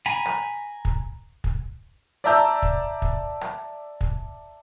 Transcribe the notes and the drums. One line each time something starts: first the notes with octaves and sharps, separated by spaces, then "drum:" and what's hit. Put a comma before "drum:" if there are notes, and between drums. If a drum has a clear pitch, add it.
G#5 A#5 B5
drum: rim click
drum: kick
drum: kick
D5 E5 A5 A#5 E6 G6
drum: kick
drum: kick
drum: rim click
drum: kick